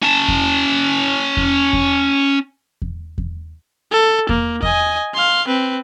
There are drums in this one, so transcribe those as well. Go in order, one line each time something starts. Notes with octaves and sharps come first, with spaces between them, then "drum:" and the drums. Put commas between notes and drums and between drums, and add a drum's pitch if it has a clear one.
C#4 A5
drum: kick E2
drum: kick E2
drum: kick E2
drum: kick E2
drum: kick E2
A4
A#3, drum: kick E2
D#5 G#5, drum: kick E2
F5 C6
C4 B4